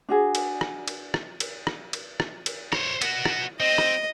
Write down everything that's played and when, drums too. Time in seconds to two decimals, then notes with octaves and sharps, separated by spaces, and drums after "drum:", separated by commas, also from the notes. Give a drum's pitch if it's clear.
0.09 D4 F#4 G#4
0.35 drum: cymbal
0.61 drum: rim click
0.88 drum: cymbal
1.14 drum: rim click
1.40 drum: cymbal
1.67 drum: rim click
1.93 drum: cymbal
2.20 drum: rim click
2.46 drum: cymbal
2.73 C5 C#5, drum: rim click
3.02 B3 F#4, drum: cymbal
3.25 drum: rim click
3.60 C4 D#5
3.78 drum: rim click